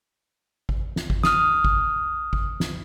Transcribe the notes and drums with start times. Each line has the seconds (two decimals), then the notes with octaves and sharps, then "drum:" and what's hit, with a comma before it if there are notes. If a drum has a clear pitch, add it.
0.69 drum: kick
0.96 drum: snare
1.10 drum: kick
1.24 D#6 F6, drum: snare
1.64 drum: kick
2.33 drum: kick
2.60 drum: snare